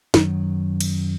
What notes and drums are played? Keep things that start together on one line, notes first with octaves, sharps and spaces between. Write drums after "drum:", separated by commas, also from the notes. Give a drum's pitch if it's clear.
F#2 D#3 F#3, drum: snare
drum: cymbal